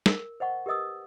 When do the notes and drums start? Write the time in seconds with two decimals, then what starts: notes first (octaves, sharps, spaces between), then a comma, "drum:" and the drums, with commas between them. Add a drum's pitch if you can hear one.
0.06 A#4, drum: snare
0.40 C5 D#5 F#5 C#6
0.66 G4 A#4 B4 D#5 D#6 E6